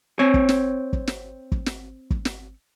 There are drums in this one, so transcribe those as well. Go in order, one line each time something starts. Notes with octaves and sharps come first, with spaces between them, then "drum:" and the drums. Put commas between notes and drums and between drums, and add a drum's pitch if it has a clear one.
C4 C#5
drum: kick
drum: snare
drum: kick
drum: snare
drum: kick
drum: snare
drum: kick
drum: snare